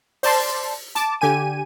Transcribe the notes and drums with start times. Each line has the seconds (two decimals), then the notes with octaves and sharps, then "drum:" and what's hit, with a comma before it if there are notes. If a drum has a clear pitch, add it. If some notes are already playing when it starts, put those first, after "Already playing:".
0.23 C5 D5 A5 C6, drum: open hi-hat
0.95 A5 D6, drum: hi-hat
1.21 D3 G4 G#5 D#7